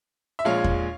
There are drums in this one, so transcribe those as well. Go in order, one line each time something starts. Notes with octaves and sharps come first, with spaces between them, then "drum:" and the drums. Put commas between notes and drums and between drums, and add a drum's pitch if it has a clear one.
E5
A#1 A#2 G#3 C#5 F5
drum: kick E2